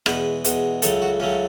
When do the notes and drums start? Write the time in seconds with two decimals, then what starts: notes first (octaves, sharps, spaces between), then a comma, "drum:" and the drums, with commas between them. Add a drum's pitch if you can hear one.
0.06 E2 B2 G#3 B4, drum: rim click
0.44 E2 B2 G#3, drum: hi-hat
0.82 C#2 C#3 F#3 A3 A4, drum: hi-hat
1.02 F#4
1.20 C#2 C#3 F#3 A3 C#4